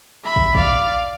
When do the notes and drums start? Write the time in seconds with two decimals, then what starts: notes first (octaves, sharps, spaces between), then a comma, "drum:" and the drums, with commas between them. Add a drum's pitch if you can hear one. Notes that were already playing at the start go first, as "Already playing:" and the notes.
0.24 E5 B5
0.36 drum: kick
0.55 D5 F5, drum: kick